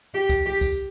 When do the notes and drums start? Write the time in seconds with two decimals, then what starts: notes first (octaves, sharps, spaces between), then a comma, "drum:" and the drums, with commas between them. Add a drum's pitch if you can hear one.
0.14 G4
0.29 drum: kick C2, tambourine
0.46 G4
0.61 drum: kick C2, tambourine